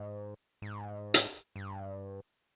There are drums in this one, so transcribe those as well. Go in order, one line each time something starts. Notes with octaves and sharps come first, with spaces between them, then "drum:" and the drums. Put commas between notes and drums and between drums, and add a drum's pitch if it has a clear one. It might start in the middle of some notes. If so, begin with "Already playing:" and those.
Already playing: G#2
G#2
drum: hi-hat
G2